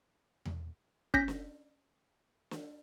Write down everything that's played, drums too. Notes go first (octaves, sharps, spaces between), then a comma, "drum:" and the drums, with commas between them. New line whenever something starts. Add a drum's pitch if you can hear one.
drum: tom E2
C#4 G6 A#6 B6, drum: kick
drum: snare
drum: snare